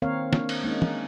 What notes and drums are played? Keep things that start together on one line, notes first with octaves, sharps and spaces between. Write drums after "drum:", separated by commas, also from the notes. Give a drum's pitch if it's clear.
D#3 A#3 C4 A#4 C#5 F5
A#3 D4, drum: snare
drum: cymbal
G#3 A#3 C#4 D#4
drum: tom